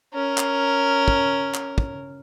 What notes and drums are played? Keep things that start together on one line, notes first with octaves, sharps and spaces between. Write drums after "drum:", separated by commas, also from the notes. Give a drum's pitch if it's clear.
C#4 A#4
drum: clap
drum: kick
drum: clap
drum: kick